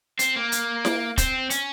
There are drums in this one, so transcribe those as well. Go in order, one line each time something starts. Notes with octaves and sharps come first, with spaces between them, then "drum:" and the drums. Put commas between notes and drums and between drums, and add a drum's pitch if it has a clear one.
C4, drum: hi-hat
A#3
drum: hi-hat
drum: snare E4
C4, drum: kick, hi-hat
C#4, drum: hi-hat